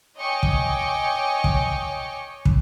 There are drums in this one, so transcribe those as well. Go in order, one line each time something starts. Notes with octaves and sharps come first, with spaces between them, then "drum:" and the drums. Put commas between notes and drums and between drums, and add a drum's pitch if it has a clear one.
C#5 D#5 G5 G#5 C#6 D6
drum: kick
drum: kick
drum: kick